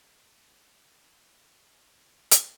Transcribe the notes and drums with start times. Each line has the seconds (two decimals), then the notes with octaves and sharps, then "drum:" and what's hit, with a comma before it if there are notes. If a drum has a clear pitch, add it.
0.03 A#3
0.48 G7
0.89 F#3 A4 C5 F5
1.96 E5 F#5
2.31 drum: hi-hat